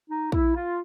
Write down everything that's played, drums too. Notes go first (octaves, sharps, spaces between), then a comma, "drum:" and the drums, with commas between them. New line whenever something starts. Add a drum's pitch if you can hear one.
D#4
E4, drum: kick
F4